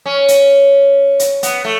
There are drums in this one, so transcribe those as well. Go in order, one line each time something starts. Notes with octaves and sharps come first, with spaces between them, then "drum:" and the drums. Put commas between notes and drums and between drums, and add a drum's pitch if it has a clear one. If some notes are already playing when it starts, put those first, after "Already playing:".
C#4
drum: hi-hat
drum: hi-hat
B3, drum: hi-hat
A3